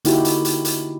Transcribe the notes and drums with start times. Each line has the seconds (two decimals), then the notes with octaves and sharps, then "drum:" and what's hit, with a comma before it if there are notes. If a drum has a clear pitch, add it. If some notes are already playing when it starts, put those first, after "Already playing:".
0.05 D3 A#3 D#4 E4 F#4 G4, drum: hi-hat
0.25 drum: hi-hat
0.45 drum: hi-hat
0.65 drum: hi-hat